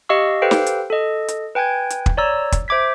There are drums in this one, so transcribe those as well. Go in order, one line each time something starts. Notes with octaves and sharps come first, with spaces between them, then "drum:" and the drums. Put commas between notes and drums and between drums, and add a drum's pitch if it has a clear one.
G4 D#5 F5 C#6 E6
G4 A4 B4 C5 F5 G5
drum: snare
drum: hi-hat
A4 D#5
drum: hi-hat
B4 G5 G#5 G6 G#6
drum: hi-hat
drum: kick
C#5 D5 A#5 E6
drum: kick, hi-hat
C5 E5 D6 G#6 B6